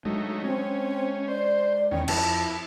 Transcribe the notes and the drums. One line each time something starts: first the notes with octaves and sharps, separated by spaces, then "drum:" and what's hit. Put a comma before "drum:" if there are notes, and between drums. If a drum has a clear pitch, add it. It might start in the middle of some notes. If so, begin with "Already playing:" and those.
F#3 G#3 A3 D4 D#4
C4 C#4
C5 D5
E2 D#3 C#4 G5
F2 E4 A5, drum: cymbal